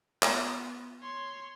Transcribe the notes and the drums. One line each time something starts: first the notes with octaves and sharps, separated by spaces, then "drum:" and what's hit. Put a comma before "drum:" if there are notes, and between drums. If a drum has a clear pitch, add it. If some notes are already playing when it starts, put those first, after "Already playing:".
B3 F4, drum: clap
C#5 C6